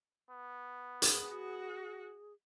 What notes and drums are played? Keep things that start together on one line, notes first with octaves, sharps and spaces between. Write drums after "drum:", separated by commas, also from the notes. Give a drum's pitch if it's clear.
B3
G#4, drum: hi-hat
F#4